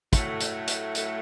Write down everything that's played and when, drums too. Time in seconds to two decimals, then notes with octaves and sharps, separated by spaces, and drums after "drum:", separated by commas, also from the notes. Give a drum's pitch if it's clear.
0.13 A2 F#3 A3, drum: kick, hi-hat
0.40 drum: hi-hat
0.67 drum: hi-hat
0.95 drum: hi-hat